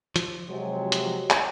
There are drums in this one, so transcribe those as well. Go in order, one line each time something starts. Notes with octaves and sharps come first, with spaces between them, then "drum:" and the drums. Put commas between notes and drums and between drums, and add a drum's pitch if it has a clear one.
F3, drum: hi-hat
C3 F#3 G#3
drum: hi-hat
drum: clap